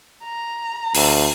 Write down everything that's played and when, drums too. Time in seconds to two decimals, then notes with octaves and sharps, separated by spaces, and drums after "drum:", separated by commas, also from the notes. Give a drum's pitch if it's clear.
0.24 A#5
0.95 D2, drum: open hi-hat